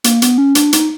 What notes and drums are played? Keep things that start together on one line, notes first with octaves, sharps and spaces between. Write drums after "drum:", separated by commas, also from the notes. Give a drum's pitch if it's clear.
A#3, drum: hi-hat
B3, drum: hi-hat
C#4
D4, drum: hi-hat
D#4, drum: hi-hat